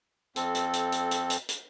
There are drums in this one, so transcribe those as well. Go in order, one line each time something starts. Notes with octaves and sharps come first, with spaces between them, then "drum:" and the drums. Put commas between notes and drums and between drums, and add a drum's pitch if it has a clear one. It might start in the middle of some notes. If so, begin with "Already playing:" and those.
F2 C4 A4, drum: hi-hat
drum: hi-hat
drum: hi-hat
drum: hi-hat
drum: hi-hat
drum: hi-hat
drum: hi-hat